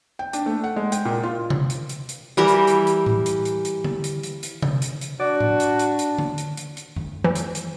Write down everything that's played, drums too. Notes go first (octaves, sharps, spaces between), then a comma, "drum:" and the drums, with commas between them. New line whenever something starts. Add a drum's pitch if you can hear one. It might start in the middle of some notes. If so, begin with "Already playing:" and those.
G5
D4, drum: hi-hat
A3
F#5
G#3
G5, drum: hi-hat
A#2
F4
drum: tom C3
drum: hi-hat
drum: hi-hat
drum: hi-hat
E3 G3 G4 A#4
drum: hi-hat
drum: hi-hat
drum: hi-hat
drum: tom A2
drum: hi-hat
drum: hi-hat
drum: hi-hat
drum: tom D3
drum: hi-hat
drum: hi-hat
drum: hi-hat
drum: tom C3
drum: hi-hat
drum: hi-hat
D4 F#4 D5
drum: tom A2
drum: hi-hat
drum: hi-hat
drum: hi-hat
drum: tom D3
drum: hi-hat
drum: hi-hat
drum: hi-hat
drum: tom F#2
E3
drum: hi-hat
drum: hi-hat